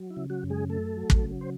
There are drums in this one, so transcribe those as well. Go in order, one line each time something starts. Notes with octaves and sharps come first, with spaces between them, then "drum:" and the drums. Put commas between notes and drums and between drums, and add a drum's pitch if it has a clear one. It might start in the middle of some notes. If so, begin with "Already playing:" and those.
Already playing: F#3
E4
C#3
F#3 F#4
F#2
G#3 G#4
A3 A4
F#3
drum: kick
C#3
C5